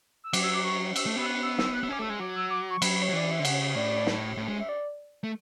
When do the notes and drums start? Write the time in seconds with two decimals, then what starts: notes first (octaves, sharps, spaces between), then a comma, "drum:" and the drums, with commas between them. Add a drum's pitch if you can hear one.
0.24 E6
0.33 F#3 D6, drum: cymbal
0.43 E6
0.54 D6
0.64 C#6
0.96 E6, drum: cymbal
1.06 A3
1.16 B3 E6
1.26 F#6
1.43 E6
1.58 E6, drum: snare
1.74 F#6
1.83 B3 E6
1.89 C#4 D6
1.99 A3 E6
2.10 G#3
2.20 F#3 D6
2.36 E6
2.50 D6
2.70 C#6
2.82 F#3 B5, drum: cymbal
3.02 C#5
3.09 F#3
3.13 E3 D5
3.31 E5
3.39 D3
3.45 C#3 F#5, drum: cymbal
3.75 A2 D5
4.07 drum: snare
4.37 A2
4.48 G#3
4.60 E5
4.69 D5
5.23 A3